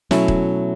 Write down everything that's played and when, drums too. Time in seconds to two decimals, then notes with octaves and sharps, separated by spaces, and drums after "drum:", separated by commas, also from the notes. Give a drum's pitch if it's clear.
0.11 B2 F#3 A3 C#4 E4, drum: snare
0.28 drum: kick D#1